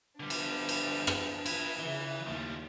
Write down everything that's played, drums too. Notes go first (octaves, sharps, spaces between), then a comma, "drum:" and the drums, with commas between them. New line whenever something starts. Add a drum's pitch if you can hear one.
D3 F3 G3 B3 D4
drum: cymbal
drum: cymbal
drum: rim click
E4 B4, drum: cymbal
C#3 E3 E4
D#2 F3 G3